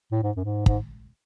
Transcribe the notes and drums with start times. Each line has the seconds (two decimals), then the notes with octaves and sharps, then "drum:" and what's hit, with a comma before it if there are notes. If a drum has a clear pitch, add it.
0.12 A2
0.23 G#2
0.36 F#2
0.44 G#2
0.66 G#2, drum: kick